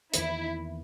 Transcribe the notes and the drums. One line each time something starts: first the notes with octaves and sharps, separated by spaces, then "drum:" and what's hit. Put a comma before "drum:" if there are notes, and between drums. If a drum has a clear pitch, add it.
E2 D#3 A#3 E4, drum: hi-hat